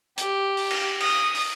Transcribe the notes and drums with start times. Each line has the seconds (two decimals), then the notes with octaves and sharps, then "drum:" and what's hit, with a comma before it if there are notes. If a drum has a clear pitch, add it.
0.18 G4, drum: hi-hat
0.57 drum: open hi-hat
0.70 drum: cymbal
1.00 D#6, drum: cymbal
1.35 drum: open hi-hat